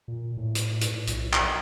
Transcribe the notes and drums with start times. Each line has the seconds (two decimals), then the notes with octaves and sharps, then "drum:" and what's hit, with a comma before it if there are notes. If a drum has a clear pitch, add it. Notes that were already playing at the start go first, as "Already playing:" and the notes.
0.08 A#2
0.37 A2
0.55 drum: hi-hat
0.81 drum: hi-hat
1.07 B1, drum: hi-hat
1.33 drum: clap